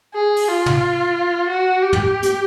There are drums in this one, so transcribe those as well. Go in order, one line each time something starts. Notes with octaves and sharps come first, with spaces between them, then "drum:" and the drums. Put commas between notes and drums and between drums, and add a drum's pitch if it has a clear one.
G#4
drum: open hi-hat
F4
drum: tom
F#4
G4
drum: tom
drum: hi-hat